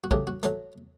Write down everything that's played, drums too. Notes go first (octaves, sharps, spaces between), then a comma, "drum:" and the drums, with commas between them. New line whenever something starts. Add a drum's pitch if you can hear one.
F#4
C#3 F#3 A3 G4, drum: kick
F#4
F#3 A3, drum: hi-hat